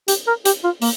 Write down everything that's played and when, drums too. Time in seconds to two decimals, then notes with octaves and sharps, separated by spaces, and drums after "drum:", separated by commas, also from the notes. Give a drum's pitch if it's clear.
0.08 G4, drum: hi-hat
0.27 A#4
0.45 G4, drum: hi-hat
0.64 F4
0.82 A#3, drum: open hi-hat